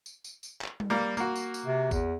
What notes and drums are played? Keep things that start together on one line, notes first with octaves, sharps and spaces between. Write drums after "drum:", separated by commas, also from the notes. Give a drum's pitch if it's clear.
drum: tambourine
drum: tambourine
drum: tambourine
drum: clap
drum: tom G3
G3 A#3
A#3 F#4, drum: tambourine
drum: tambourine
drum: tambourine
C3
E2, drum: kick, tambourine